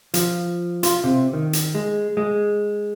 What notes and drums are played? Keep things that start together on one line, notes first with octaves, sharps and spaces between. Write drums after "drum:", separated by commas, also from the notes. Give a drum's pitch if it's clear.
F3, drum: hi-hat
F4, drum: hi-hat
C3
D#3
drum: hi-hat
G#3
G#3